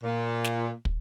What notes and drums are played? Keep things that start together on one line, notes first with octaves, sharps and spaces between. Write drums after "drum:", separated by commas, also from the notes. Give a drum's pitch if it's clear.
A#2
drum: snare
drum: kick